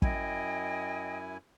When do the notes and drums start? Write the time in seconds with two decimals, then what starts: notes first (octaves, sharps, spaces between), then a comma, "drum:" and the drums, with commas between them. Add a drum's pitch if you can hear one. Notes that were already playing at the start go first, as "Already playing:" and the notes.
0.02 F#2 E4 D#5 G5 G#5, drum: kick